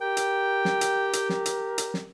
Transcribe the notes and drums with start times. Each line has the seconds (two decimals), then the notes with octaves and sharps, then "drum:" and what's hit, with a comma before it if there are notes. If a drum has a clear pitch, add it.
0.01 G4 A#4 G5
0.17 drum: hi-hat
0.65 drum: snare
0.81 drum: hi-hat
1.13 drum: hi-hat
1.29 drum: snare
1.46 drum: hi-hat
1.78 drum: hi-hat
1.94 drum: snare